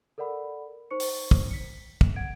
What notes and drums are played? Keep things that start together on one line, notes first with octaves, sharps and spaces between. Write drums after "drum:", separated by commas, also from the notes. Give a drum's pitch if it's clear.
A4 A#4 D5 F#5 B5
D#4 C5 C#6 C#7
drum: open hi-hat
drum: kick
B6 C#7
drum: kick
F#5 G#6 D7